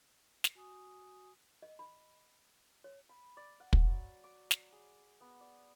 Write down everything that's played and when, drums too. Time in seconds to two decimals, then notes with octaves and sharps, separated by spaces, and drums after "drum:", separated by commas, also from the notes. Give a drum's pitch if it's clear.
0.44 drum: snare
0.55 F#4 G#5 C#6 D#6
1.62 D#5
1.79 B5
2.84 C#5
3.09 B5
3.37 D5
3.60 F#5
3.73 drum: kick
3.87 F#3
4.24 D6
4.51 drum: snare
4.72 G#4
5.21 B3
5.41 D5